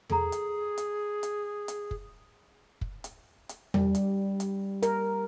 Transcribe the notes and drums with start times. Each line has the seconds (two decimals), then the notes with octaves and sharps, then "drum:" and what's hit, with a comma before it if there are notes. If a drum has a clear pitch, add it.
0.10 G#4 A4 A#5, drum: tom E2
0.32 drum: hi-hat
0.78 drum: hi-hat
1.23 drum: hi-hat
1.68 drum: hi-hat
1.91 drum: kick
2.81 drum: kick
3.04 drum: hi-hat
3.49 drum: hi-hat
3.74 G3, drum: tom E2
3.95 drum: hi-hat
4.40 drum: hi-hat
4.83 A#4, drum: hi-hat